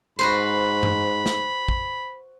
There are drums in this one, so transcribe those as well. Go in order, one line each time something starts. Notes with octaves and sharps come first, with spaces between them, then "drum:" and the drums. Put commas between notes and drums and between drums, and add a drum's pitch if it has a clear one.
G#2 F#4 B4 C5 B5
drum: tom G2
drum: snare
drum: kick